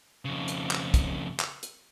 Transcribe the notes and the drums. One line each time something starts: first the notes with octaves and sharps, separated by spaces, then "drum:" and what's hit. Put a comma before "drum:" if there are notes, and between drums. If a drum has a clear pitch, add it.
F2 C#3
drum: hi-hat
drum: clap
drum: kick, hi-hat
drum: clap
drum: hi-hat